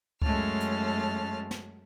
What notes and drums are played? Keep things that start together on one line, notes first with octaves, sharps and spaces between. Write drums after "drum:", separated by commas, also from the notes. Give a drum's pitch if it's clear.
F#2 G#3 A3 C#4 A5 F6, drum: kick C#2
drum: hi-hat
drum: snare